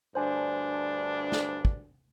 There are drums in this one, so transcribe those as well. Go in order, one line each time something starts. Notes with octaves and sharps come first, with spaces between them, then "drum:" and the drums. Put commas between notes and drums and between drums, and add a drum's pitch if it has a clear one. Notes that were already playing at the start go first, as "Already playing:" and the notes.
D2 G2 D4 C5 G#5
drum: snare
drum: kick